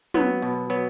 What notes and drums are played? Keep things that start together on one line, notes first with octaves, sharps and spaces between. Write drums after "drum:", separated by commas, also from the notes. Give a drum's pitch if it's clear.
F#3 B3, drum: tom
B2
F#3 B3